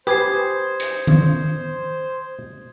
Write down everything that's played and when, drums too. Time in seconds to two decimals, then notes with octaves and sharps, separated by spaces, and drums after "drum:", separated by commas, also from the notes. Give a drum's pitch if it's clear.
0.07 G4 B4 C5 G#5 D#6 G#6 C7
0.80 drum: hi-hat
1.07 drum: tom D#3